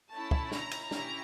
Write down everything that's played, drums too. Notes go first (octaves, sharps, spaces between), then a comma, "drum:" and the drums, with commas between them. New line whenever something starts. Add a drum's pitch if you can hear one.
A3 C#4 E4 A5
drum: kick
A#5, drum: snare
drum: cymbal
C#4 E4 G4 A#5, drum: snare